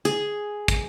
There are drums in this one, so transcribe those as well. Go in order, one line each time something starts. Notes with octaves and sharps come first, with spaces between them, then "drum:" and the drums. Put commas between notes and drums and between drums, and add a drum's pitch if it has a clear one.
G#4, drum: hi-hat
drum: kick, hi-hat